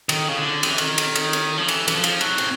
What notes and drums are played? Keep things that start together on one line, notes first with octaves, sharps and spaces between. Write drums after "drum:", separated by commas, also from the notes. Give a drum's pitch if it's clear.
D#3, drum: cymbal
C#3
D3
D#3, drum: cymbal
E3
D#3, drum: cymbal
drum: cymbal
drum: cymbal
drum: cymbal
F3
E3, drum: cymbal
E3, drum: cymbal
F3
drum: cymbal
F#3, drum: cymbal
C4, drum: cymbal